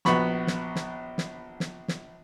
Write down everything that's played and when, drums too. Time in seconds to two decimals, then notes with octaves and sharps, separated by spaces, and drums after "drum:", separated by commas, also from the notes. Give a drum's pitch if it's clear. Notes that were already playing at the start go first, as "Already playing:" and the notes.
0.05 A#1 B3 F#4 B5 C#6, drum: snare
0.47 drum: snare
0.76 drum: snare
1.18 drum: snare
1.60 drum: snare
1.88 drum: snare